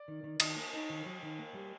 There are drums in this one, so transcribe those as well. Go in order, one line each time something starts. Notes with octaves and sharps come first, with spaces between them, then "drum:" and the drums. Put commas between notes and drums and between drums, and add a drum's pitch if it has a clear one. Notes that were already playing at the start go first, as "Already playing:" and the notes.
Already playing: D5
D#3
D#3
D#3 D#5 D#6, drum: cymbal
A#3
D#4
D#3
F#3
D#3
A#3
G3